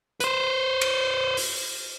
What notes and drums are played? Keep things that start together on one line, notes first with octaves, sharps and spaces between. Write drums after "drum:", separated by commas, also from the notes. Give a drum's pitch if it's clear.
B4 C5, drum: hi-hat
drum: cymbal
drum: open hi-hat